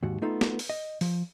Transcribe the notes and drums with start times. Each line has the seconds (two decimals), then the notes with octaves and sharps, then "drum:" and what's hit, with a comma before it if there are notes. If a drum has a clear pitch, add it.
0.03 D#2 G#2 F#4
0.22 A3 B3 D#4 F4 A4
0.41 drum: snare
0.59 drum: open hi-hat
0.70 D#5
1.01 F3, drum: open hi-hat